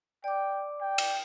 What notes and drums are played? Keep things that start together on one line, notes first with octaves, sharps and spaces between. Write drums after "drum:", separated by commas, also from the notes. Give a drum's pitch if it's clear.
D5 G5 D6
G5
drum: cymbal